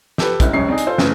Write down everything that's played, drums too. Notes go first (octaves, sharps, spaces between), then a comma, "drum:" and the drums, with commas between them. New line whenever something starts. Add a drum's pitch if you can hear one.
G4 A4 B4, drum: snare
G1 C#2 E4, drum: kick, hi-hat
D#1 C#2 F#2 C#3 C#5 C7
C4 D4 D#4 G#4
drum: hi-hat
F4 A4 C5
F#1 C#3 E3 A3, drum: snare